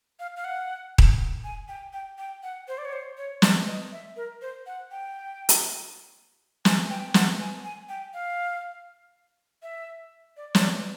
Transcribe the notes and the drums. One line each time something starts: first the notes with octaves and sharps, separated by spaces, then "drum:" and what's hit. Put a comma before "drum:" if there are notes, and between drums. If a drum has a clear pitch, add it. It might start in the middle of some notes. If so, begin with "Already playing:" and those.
F5
F5
F#5
drum: kick D#1
G#5
G5
G5
G5
F#5
C5
D5
C#5
C5
C#5
D5, drum: snare
D#5
E5
A#4
C5
F#5
G5
drum: hi-hat
G#5, drum: snare
G5
F#5, drum: snare
G#5
G#5
G5
F5
E5
D5
C#5, drum: snare
D5